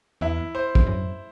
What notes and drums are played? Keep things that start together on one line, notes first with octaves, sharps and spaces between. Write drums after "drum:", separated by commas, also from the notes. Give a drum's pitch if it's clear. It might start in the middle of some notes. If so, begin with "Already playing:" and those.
E2 E4
C5
drum: kick
F#2